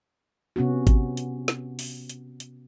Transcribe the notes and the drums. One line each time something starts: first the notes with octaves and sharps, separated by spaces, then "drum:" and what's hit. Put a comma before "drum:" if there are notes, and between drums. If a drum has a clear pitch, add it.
C3 B3 C#4 F#4
drum: kick G#1, hi-hat
drum: hi-hat
drum: snare
drum: open hi-hat
drum: hi-hat
drum: hi-hat